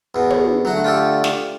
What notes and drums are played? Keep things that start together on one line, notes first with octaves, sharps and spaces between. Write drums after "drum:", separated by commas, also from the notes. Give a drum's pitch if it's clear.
E2 B2
drum: tom
D3 F#3 A3 F#4
F4 G4 A4
drum: snare